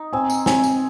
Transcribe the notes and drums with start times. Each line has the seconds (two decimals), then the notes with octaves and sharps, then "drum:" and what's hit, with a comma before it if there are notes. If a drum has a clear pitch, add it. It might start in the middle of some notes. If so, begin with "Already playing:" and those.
Already playing: D#4
0.13 C4 G#5
0.30 drum: tambourine
0.46 C4 G#5, drum: snare
0.64 drum: tambourine